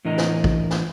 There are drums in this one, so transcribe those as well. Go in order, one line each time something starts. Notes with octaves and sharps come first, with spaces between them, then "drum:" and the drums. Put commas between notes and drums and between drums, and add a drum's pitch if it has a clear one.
A2 E3 D4 A#4 D#5
drum: snare
drum: kick
drum: snare